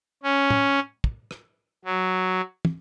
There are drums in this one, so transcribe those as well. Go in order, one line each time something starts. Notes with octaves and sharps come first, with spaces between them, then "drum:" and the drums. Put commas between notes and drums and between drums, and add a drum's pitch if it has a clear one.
C#4
drum: tom
drum: kick
drum: rim click
F#3
drum: tom